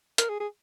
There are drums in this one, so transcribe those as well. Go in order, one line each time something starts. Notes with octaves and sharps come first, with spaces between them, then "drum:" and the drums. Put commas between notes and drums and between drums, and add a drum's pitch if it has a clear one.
A#4, drum: hi-hat
G#4
G#4